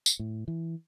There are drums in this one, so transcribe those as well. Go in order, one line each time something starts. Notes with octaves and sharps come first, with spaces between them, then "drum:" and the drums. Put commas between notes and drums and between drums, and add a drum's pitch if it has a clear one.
drum: tambourine
A2
E3